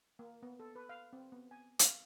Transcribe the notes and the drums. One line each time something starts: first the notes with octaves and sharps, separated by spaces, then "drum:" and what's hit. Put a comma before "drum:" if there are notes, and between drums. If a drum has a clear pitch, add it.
A#3
B3
A4
B4
F5
C4
B3
G#5
F5, drum: hi-hat